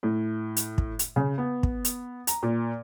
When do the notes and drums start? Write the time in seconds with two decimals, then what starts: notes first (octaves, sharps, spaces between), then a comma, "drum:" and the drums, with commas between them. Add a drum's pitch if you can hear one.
0.03 A2
0.57 drum: hi-hat
0.78 drum: kick
0.99 drum: hi-hat
1.16 C#3
1.38 B3
1.63 drum: kick
1.85 drum: hi-hat
2.27 A#5, drum: hi-hat
2.43 A#2